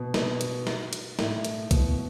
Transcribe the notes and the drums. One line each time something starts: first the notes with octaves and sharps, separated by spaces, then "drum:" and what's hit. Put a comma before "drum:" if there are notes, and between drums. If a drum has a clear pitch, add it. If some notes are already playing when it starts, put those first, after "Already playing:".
Already playing: B2
B2, drum: snare
drum: hi-hat
drum: snare
drum: hi-hat
A2, drum: snare
drum: hi-hat
B2, drum: kick B1, hi-hat